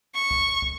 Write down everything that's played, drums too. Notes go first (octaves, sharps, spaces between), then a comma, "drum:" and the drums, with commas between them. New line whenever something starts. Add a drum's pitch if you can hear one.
C#6
drum: kick
drum: kick